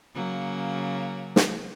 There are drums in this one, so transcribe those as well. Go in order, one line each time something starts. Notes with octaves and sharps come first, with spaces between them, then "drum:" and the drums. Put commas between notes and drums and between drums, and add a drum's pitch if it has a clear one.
C#3 F#3 A#3
drum: snare